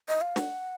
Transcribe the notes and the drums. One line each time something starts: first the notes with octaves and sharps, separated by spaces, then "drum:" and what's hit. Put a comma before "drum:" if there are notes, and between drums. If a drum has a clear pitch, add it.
D#5
F5
F#5, drum: snare